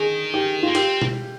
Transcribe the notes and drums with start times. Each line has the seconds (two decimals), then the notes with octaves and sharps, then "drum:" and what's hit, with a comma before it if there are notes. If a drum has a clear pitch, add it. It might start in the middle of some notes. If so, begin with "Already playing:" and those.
Already playing: D#3 G#4
0.34 G4
0.63 F4
0.68 A#3
0.75 C4 G4, drum: cymbal
1.02 drum: tom B2